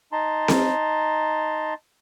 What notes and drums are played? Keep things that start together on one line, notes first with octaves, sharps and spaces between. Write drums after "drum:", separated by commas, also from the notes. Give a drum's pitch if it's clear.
D#4 A5 A#5 C6
drum: snare C4